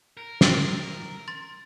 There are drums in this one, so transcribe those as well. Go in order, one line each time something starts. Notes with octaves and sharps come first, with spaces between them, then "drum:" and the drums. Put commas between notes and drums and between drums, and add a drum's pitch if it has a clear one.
A#4
G5 C6 A6, drum: snare
C6 A6